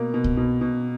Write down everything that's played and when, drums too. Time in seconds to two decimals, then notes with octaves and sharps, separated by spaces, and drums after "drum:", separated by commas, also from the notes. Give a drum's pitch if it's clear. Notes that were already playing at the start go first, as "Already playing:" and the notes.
Already playing: B2 A#3
0.14 B2
0.24 drum: kick C2
0.37 B2
0.61 B2